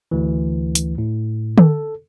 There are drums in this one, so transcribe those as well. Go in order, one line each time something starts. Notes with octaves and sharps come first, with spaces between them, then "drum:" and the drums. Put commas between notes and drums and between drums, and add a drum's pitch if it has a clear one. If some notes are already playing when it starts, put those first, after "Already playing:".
D2 E3
drum: hi-hat
A2
A4, drum: tom D3